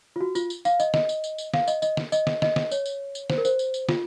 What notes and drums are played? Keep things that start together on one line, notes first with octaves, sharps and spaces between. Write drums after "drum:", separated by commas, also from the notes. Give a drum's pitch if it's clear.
F4
F#4
F4, drum: tambourine
drum: tambourine
F5, drum: tambourine
D#5, drum: tambourine
D#5, drum: snare
drum: tambourine
drum: tambourine
drum: tambourine
F5, drum: snare
D#5, drum: tambourine
D#5, drum: tambourine
drum: snare
D#5, drum: tambourine
drum: snare
D#5, drum: snare
drum: snare
C#5, drum: tambourine
drum: tambourine
drum: tambourine
C5, drum: snare
A#4
C5, drum: tambourine
drum: tambourine
drum: tambourine
F4, drum: snare